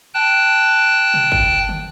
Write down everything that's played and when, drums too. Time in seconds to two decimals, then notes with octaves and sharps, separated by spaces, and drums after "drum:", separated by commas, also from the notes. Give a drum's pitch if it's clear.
0.14 G5 A5 F#6
1.14 drum: tom B2
1.32 drum: kick
1.69 drum: tom